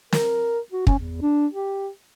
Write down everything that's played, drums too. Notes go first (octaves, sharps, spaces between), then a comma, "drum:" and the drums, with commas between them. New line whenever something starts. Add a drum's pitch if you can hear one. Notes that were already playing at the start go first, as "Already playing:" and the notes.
A#4, drum: snare
F#4
C#4, drum: kick
E2
D4
G4